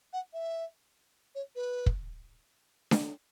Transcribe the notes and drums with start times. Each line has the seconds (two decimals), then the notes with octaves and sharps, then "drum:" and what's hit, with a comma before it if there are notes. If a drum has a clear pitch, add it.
0.13 F#5
0.33 E5
1.35 C#5
1.55 B4
1.86 drum: kick
2.91 drum: snare D4